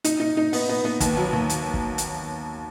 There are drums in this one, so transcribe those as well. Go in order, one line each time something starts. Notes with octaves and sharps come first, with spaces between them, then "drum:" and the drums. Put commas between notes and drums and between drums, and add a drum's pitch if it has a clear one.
D#4, drum: hi-hat
D#4
D#4
B3, drum: open hi-hat
B3
B3
D#2, drum: kick, hi-hat
F#3
D#2
drum: hi-hat
drum: kick
drum: hi-hat